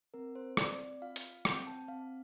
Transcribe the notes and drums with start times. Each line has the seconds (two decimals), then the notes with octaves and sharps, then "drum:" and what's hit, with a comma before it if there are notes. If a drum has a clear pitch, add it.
0.14 C4 A#4
0.35 C5
0.57 C4 D5, drum: rim click
1.02 F4 F5
1.16 drum: hi-hat
1.45 C4 G5, drum: rim click
1.67 A5
1.88 C4 F5